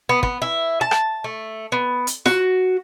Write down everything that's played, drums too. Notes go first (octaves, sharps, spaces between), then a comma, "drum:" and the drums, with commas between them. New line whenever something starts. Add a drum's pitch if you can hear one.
B3
B3, drum: kick
E4
A5
drum: rim click
A3
B3
drum: hi-hat
F#4, drum: snare